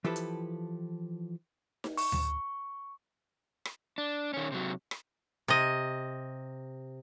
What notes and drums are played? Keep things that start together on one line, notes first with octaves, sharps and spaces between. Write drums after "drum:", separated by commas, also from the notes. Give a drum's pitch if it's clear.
E3 F3 E4 G4 A4 B4
drum: hi-hat
drum: snare D#4
C#6, drum: open hi-hat
drum: tom D2
drum: rim click
D4
D#3 C#4
C3 F#3
drum: rim click
C3 D#5